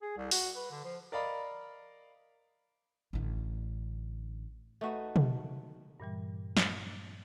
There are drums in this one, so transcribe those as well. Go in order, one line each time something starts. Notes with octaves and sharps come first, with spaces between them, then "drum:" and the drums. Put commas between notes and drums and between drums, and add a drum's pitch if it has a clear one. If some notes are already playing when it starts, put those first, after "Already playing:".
G#4
C2
F#4, drum: open hi-hat
B4
D3
F3
A#4 D5 D#5 F5 B5
A1 D3
A3 D#4 F#4 B4
drum: tom
G2 A#2 E3 G3
drum: snare